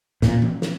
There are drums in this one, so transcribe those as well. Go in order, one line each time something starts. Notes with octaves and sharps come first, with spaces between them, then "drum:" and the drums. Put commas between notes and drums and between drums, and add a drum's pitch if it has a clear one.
A#2, drum: snare
drum: tom E3
drum: snare